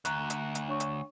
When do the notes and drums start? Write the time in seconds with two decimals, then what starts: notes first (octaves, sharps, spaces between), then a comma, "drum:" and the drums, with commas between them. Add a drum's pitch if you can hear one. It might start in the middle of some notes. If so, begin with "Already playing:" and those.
0.05 D2 A#5 F#6, drum: hi-hat
0.30 drum: hi-hat
0.55 drum: hi-hat
0.68 D4 C#5 C#6
0.80 drum: hi-hat